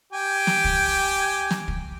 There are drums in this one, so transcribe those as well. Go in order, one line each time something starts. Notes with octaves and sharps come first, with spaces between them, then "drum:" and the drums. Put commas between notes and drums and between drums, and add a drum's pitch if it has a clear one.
G4 G5 G#5
drum: snare
drum: kick
drum: snare
drum: kick